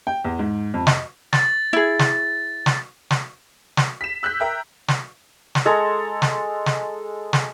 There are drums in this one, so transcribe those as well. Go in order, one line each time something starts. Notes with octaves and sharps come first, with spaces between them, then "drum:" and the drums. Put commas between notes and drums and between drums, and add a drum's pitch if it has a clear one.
G5
E2
G#2
F2
D#5, drum: snare
A6, drum: snare
E4 G#4
drum: snare
drum: snare
drum: snare
drum: snare
B6 E7
E6 F#6 G6 B6
A#4 E5 G5
drum: snare
drum: snare
G#3 A4 A#5
drum: snare
drum: snare
drum: snare